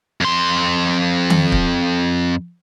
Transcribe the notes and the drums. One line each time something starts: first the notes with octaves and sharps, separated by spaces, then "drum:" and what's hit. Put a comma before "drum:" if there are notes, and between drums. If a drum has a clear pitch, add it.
F2 C6
drum: tom D#3
drum: kick